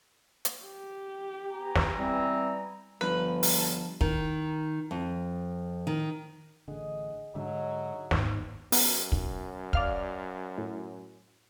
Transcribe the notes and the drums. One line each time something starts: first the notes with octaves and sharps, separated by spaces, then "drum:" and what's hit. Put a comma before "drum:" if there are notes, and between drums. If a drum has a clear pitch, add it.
drum: hi-hat
G4
B3 G#5 A#5
drum: snare
E3 G3 C4
G1 F3 B4
drum: open hi-hat
A5
D#3, drum: kick
F2
D#3
A1 D3 G#4 D#5 F#5
G#2 D3 F#3 D#4 G#4 E5
D#2 G#2 B3, drum: snare
F#2 B3, drum: open hi-hat
B1, drum: kick
D5 F5 F6, drum: kick
A2